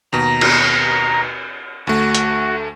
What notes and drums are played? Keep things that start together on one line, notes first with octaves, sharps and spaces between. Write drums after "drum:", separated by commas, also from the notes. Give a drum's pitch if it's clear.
D#2 B2 A#5
drum: cymbal
D2 A3 F#4
drum: hi-hat